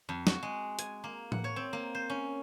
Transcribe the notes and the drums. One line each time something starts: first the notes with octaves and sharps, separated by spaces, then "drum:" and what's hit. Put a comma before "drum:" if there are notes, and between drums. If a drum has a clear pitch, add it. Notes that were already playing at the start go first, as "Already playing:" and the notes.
F2
F#4, drum: snare
G#3
G#5, drum: hi-hat
A#3
F#5, drum: tom A2
C#5
C4
A#3
C5
C#4